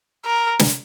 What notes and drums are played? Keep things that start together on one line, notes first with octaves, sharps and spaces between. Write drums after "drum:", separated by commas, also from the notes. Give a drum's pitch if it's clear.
A#4
drum: snare